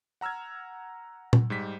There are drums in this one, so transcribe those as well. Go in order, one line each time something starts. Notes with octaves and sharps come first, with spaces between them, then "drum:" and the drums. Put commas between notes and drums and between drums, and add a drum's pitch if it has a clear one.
F#5 A#5 E6 F6 G#6
drum: tom A#2
G#2 G3 B6